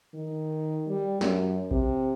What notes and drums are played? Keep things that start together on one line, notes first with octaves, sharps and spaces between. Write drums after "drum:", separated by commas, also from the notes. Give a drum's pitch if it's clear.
D#3
G3
F#2, drum: snare
C3, drum: kick A#1